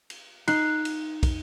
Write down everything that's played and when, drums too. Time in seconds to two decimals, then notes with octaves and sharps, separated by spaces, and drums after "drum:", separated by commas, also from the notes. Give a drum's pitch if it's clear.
0.10 drum: cymbal
0.48 D#4 F#6 C7, drum: cymbal
0.85 drum: cymbal
1.23 drum: kick, cymbal